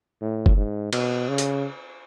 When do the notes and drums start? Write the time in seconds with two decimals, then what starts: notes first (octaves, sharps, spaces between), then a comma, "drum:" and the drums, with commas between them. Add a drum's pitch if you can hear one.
0.21 A2
0.46 drum: kick F#1
0.56 G#2
0.93 B2, drum: cymbal
1.29 C#3
1.38 drum: hi-hat